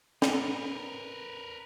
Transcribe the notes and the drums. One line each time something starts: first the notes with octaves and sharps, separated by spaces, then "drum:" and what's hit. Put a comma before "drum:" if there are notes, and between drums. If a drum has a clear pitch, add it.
A#4 B4, drum: snare